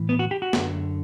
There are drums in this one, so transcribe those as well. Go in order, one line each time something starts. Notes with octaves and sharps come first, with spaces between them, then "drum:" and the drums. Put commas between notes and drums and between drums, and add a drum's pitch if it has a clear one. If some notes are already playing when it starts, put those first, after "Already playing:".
Already playing: A2 E3
B3
F#4
G4
F#4
F#2 D3, drum: snare